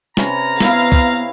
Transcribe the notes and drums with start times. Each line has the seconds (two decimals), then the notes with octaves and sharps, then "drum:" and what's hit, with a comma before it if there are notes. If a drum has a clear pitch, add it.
0.17 C3 C#4 B4 A#5, drum: snare
0.60 B3 E4 F5, drum: snare
0.92 drum: kick